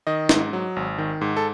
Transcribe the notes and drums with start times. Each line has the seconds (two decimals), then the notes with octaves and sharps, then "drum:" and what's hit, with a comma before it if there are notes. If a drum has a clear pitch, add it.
0.07 D#3 D#5
0.29 G#2, drum: snare
0.53 F#3
0.76 G#1
0.98 D#3
1.21 G#2
1.37 A4